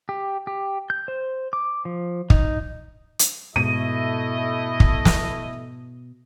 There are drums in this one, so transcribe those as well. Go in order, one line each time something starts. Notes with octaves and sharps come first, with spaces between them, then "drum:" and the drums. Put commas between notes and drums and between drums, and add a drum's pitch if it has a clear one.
G4
G4
G6
C5
D6
F3
D#4, drum: kick
drum: hi-hat
G#2 B2 A3 E4 D#5 D#7
drum: kick
drum: snare